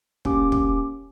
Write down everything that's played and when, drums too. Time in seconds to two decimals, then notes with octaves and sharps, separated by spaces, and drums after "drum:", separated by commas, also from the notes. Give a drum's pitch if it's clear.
0.25 A#3 C#4 G4 D6, drum: kick
0.52 drum: kick